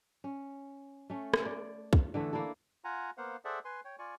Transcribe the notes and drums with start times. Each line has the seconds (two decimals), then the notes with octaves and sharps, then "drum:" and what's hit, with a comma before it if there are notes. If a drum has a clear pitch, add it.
0.24 C#4
1.10 A3 C#4
1.34 drum: rim click
1.46 D5
1.93 drum: kick
2.14 D3 E3 A3
2.33 A#3 D4 E4 A4
2.84 F4 F#5 G#5 A#5
3.17 A#3 B3 C5 F5 F#5
3.45 G#4 A4 C5 D5 E5 F#5
3.65 B4 G#5 C6
3.85 C#5 G5
3.99 F4 D5 G#5 C#6